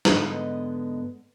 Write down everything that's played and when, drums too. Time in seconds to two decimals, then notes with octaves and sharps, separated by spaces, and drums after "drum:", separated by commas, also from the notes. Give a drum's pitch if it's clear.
0.05 G#2 D3 G#3 B3 B4 D#5, drum: snare